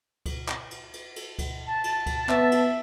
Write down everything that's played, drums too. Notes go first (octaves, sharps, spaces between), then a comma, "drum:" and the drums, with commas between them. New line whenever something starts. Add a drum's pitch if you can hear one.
drum: kick C#2, cymbal
drum: clap
drum: cymbal
drum: cymbal
drum: cymbal
drum: kick C#2, cymbal
A5
drum: cymbal
drum: kick C#2, cymbal
B3 E5, drum: clap
drum: cymbal